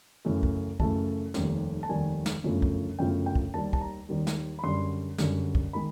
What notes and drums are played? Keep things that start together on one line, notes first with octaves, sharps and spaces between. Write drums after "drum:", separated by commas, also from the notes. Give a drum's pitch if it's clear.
F#2 C#3 E3 A3
drum: kick
F#2 C#3 E3 A3 A5, drum: kick
F1 D#2 D#3 G3, drum: snare
A5
F1 D#2 D#3 G3 G#5
drum: snare
G1 F#2 C#3 F3 A3
drum: kick
G1 F#2 C#3 F3 A3 G5
G5
drum: kick
D#2 D#3 G3 A5
A5, drum: kick
A#5
D#2 D#3 G3
drum: snare
B5
F#2 D3 G3 C6
F#2 D3 G3, drum: snare
drum: kick
D#3 G#3 B5